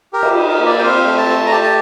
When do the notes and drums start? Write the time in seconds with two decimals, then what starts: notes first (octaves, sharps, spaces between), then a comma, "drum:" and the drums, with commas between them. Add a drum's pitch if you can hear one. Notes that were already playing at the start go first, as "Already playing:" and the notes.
0.13 G4 A#4
0.23 drum: cymbal
0.37 D#4
0.48 A#4
0.59 A#3
0.66 D5
0.78 G5
0.83 C4 F5
1.06 A3
1.18 A5
1.29 A3
1.46 A#5
1.51 G4 A5
1.64 A5